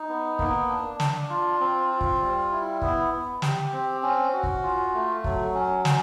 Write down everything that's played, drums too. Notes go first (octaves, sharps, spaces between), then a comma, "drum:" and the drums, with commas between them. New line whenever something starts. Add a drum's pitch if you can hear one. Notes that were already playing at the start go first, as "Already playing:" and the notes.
Already playing: D#4
B3
A#3, drum: kick
D4
D4, drum: snare
F4
C4
F4
drum: kick
G3
E4
B3, drum: kick
B3
G4, drum: snare
C4
C#4
F#4
drum: kick
F4
A3
F#3, drum: kick
C#4
C#4, drum: snare